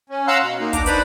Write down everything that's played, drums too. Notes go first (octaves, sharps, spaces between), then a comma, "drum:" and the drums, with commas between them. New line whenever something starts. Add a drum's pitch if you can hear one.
C#4
F5 F#5 A#5 C6 E6 F#6
B2
A#3 D#4
D4 A#5 D6, drum: kick, hi-hat
D4 D#4 B4 C5 D5 B5, drum: hi-hat